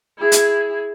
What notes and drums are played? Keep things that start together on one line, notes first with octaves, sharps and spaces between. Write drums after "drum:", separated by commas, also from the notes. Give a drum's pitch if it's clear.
E4 G#4
drum: hi-hat